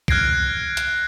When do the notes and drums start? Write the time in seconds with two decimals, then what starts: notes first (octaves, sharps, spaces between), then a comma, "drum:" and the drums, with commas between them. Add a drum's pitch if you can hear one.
0.08 F6 F#6 G#6 A#6 C7 D7, drum: kick
0.77 drum: hi-hat